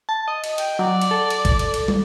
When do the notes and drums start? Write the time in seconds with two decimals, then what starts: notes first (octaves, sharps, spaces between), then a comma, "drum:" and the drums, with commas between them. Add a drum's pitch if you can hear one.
0.09 A5
0.28 D#5
0.44 drum: cymbal
0.58 G5, drum: cymbal
0.79 F#3 D5
1.01 drum: cymbal
1.11 A4
1.30 drum: cymbal
1.45 drum: kick, cymbal
1.59 drum: cymbal
1.74 drum: cymbal
1.88 drum: tom